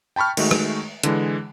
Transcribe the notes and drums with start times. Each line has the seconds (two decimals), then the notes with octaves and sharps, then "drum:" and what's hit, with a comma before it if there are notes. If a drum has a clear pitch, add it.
0.16 G5 A5 B5 C#6 F6
0.37 D#3 G#3 A3 F#4, drum: cymbal
0.51 drum: rim click
1.03 D3 E3 G#3, drum: hi-hat